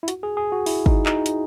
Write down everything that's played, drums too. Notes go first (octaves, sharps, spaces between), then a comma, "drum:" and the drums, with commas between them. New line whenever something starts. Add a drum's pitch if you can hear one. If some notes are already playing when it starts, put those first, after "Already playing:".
E4
F#4, drum: hi-hat
G#4
G#4
F#4
E4, drum: open hi-hat
D#4, drum: kick
D#4, drum: clap
drum: hi-hat